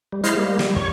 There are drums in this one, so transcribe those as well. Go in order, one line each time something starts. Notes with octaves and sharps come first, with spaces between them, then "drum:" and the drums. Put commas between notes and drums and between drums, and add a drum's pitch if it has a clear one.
G3
G#3 E4 C5 D#5 F5 F6, drum: hi-hat
G3 A#3
G3, drum: snare
C#5 C#6, drum: kick